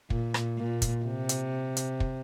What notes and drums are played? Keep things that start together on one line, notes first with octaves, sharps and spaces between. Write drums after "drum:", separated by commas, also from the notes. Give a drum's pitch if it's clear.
A#2, drum: kick
drum: rim click
A#2
drum: kick, hi-hat
C3
drum: hi-hat
drum: hi-hat
drum: kick